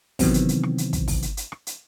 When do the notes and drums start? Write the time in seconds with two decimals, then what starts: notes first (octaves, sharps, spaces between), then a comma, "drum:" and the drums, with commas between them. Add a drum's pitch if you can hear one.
0.19 C3 D#3 E3 F#3 B3 C4, drum: kick, open hi-hat
0.34 drum: hi-hat
0.49 drum: hi-hat
0.63 drum: rim click
0.78 drum: hi-hat
0.93 drum: kick, hi-hat
1.08 drum: kick, open hi-hat
1.22 drum: hi-hat
1.37 drum: hi-hat
1.52 drum: rim click
1.67 drum: hi-hat